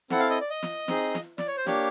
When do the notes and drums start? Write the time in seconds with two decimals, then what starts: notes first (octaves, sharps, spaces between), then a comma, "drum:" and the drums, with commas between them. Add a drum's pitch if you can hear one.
0.10 C4 E4 A4 F#5, drum: snare
0.20 F5
0.30 D#5
0.41 D5
0.50 D#5
0.63 drum: snare
0.88 C4 D#4 G#4, drum: snare
1.15 drum: snare
1.38 D5, drum: snare
1.48 C#5
1.57 C5
1.67 A#3 D4 G4 C#5, drum: snare